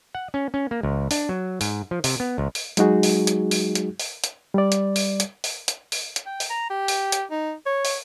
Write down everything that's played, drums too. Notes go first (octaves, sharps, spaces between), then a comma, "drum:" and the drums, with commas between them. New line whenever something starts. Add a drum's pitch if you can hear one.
F#5
C#4
C#4
A#3
C#2
D4, drum: open hi-hat
F#3
G#2, drum: open hi-hat
F3
C3, drum: open hi-hat
B3
C#2
drum: open hi-hat
F#3 G#3 D#4 F#4 G#4, drum: hi-hat
drum: open hi-hat
drum: hi-hat
drum: open hi-hat
drum: hi-hat
drum: open hi-hat
drum: hi-hat
G3 D5
drum: hi-hat
drum: open hi-hat
drum: hi-hat
drum: open hi-hat
drum: hi-hat
drum: open hi-hat
drum: hi-hat
G5
drum: open hi-hat
A#5
G4
drum: open hi-hat
drum: hi-hat
D#4
C#5
drum: open hi-hat